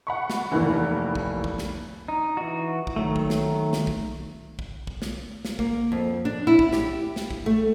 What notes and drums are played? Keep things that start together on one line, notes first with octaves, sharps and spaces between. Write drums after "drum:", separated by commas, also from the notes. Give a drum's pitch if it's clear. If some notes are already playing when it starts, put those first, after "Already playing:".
F#5 B5 C#6
drum: snare
F1 D#2 D#3 E3
drum: kick
drum: kick
drum: snare
D#4
E3 F#4
drum: kick
D#3 F#3 A3
drum: kick
drum: snare
drum: snare
drum: kick
drum: kick
drum: kick
drum: snare
drum: snare
A#3, drum: kick
F2
D4
E4
drum: kick
G4, drum: snare
drum: snare
drum: kick
A3